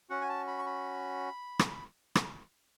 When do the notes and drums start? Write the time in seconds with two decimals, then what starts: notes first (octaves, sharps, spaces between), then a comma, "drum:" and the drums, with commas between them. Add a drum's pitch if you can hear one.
0.10 C#4 F#4 F#5
0.21 G#5
0.29 A5
0.47 B5
0.58 C#6
0.66 B5
1.59 drum: rim click
2.15 drum: rim click